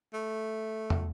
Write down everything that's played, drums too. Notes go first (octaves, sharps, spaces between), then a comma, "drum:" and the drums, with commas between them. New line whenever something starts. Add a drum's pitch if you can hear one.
A3
drum: tom